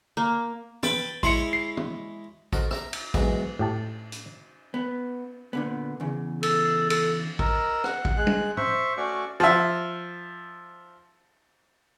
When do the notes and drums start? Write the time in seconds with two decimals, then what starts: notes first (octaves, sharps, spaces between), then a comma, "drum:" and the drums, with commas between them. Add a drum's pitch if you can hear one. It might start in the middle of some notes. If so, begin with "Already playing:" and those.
0.17 A#3
0.83 B4 G5 A5, drum: tom
1.23 G#3 E4 C#5 C6 C#7, drum: kick
1.53 C7
1.77 drum: tom
2.53 F#4 A4 A#4 C5 D#5, drum: kick
2.71 E5 A#5, drum: rim click
2.93 drum: cymbal
3.14 B1 G#2 E3 F#3 F#4 D#5, drum: kick
3.59 A2 G4 A5
4.12 drum: hi-hat
4.74 B3
5.53 A#2 D3 B3
6.00 E2 C#3
6.43 A4, drum: cymbal
6.90 A4, drum: cymbal
7.39 A#4 D#5 E6, drum: kick
7.84 F#5, drum: rim click
8.05 drum: kick
8.17 G#3 F#6
8.27 drum: tom
8.57 C5 E5 C#6, drum: tom
8.97 A3 C#4 F#4 D5 C#6
9.40 F3 E5